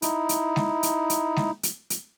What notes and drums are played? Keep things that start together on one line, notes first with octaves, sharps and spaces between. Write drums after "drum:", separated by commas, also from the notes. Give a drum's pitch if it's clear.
D#4 E4, drum: hi-hat
drum: hi-hat
drum: snare G#3
drum: hi-hat
drum: hi-hat
drum: snare G#3
drum: hi-hat
drum: hi-hat